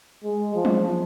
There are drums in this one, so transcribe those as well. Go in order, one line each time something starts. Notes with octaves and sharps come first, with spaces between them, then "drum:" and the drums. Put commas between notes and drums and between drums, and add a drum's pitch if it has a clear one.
G#3
F3
drum: tom F#3